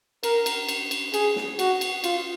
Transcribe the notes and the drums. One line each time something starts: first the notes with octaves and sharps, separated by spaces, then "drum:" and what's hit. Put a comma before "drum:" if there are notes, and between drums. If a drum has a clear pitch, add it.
A#4, drum: cymbal
drum: cymbal
drum: cymbal
drum: cymbal
G#4, drum: cymbal
drum: snare
F#4, drum: cymbal
drum: cymbal
F4, drum: cymbal